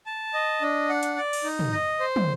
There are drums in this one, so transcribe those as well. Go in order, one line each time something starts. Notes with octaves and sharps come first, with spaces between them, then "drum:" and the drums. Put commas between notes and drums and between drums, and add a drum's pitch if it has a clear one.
A5
D#5
D4
F#5
drum: hi-hat
D5
drum: cymbal
D#4
drum: tom
D#5
C5
drum: tom